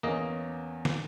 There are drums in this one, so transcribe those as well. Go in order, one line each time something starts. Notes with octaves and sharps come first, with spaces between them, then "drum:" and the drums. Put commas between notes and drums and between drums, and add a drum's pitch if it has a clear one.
E2 A#3 C#4 D#5
drum: snare